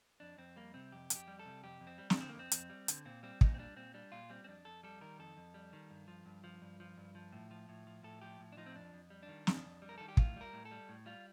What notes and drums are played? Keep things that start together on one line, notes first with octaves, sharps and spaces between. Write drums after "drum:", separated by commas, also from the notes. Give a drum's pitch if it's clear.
F2 D4
F2 C4
G3 A#3
C3 C4
F2 G4
F2, drum: hi-hat
G4
G3
A4
C3
F2 G4
F2
C4
G3
D4, drum: snare
D3 C4
A#3
F2 C4
F2, drum: hi-hat
G3
D3, drum: hi-hat
A#2 C4
G3 C4
A#2 D#4, drum: kick
C4
G3 D4
A#2 C4
G3 D4
A#2 F4
G3 C4
C4
F2 D4
F2 A4
G3 A4
D#3 A#4
F2 A4
F2
G3
D#3
G2
F3
G2
F3
G2
F3
G2
F3
A2
F3
A2
F3
A2 A4
F3 G4
A2
D4
F3 D#4
C4
F2 D4
F2
G3
D4
D#3
F2, drum: snare
F2
G3
A#4
D#3 A4
G4
A2 F4, drum: kick
G3 A#4
A2
A4
G3
A2
G3 F4